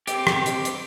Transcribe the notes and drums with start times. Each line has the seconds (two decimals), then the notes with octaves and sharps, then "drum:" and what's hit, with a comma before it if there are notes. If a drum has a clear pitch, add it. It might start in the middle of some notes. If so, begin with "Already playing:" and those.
0.07 C4 G4, drum: hi-hat
0.27 drum: rim click
0.46 drum: hi-hat
0.65 drum: hi-hat